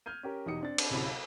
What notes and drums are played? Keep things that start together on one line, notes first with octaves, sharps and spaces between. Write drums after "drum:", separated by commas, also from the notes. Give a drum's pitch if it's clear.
F6 G6 G#6 D#7
C#4 G4 A#4
E2 B2 D#4 G4 D#6 C#7
C4 D4 A6
drum: cymbal
D1 C3 C#4 E4 B5
F5